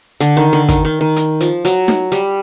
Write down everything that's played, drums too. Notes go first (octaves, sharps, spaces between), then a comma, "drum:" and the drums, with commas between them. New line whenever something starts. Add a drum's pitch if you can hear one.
D3, drum: hi-hat
D#3
D3
D#3, drum: kick, hi-hat
D#3
D#3
drum: hi-hat
F3, drum: hi-hat
F#3, drum: hi-hat
drum: snare D#4
G3, drum: hi-hat